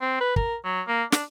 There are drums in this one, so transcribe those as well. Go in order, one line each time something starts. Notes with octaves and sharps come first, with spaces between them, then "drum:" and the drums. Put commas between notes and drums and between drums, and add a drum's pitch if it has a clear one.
C4
B4
A#4, drum: kick
F#3
A#3
D4, drum: snare